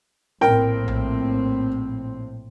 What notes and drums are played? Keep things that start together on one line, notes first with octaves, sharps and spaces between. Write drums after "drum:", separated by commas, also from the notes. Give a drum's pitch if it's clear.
A#1 A2 C4 A#4 G5, drum: snare
drum: tom A#1